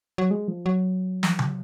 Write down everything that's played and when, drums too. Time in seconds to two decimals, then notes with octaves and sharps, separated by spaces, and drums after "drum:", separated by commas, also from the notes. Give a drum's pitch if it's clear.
0.18 F#3
0.31 G#3
0.48 F3
0.66 F#3
1.23 drum: snare
1.39 drum: tom C#3